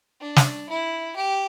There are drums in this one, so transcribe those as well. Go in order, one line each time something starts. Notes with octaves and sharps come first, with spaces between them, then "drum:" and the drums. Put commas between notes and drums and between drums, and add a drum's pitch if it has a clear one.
D4
drum: snare
E4
G4